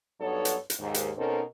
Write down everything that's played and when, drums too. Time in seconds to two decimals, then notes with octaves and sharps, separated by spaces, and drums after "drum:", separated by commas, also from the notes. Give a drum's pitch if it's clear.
0.20 G2 F#3 B3 D#4 A4 C#5
0.45 drum: hi-hat
0.70 drum: hi-hat
0.79 D#2 G#2
0.94 drum: hi-hat
1.17 B2 C4 C#4 D#4 A4 A#4